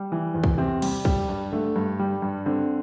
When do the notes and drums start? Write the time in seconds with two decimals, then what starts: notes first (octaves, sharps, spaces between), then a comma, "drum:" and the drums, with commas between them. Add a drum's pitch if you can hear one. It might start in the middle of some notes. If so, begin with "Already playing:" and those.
Already playing: G3
0.12 E3
0.34 E2
0.44 drum: kick
0.58 C3 C4
0.82 G3, drum: cymbal
1.05 G3, drum: kick
1.29 G2
1.52 D3 A3
1.76 G2
1.99 G3
2.22 G2
2.45 D3 C4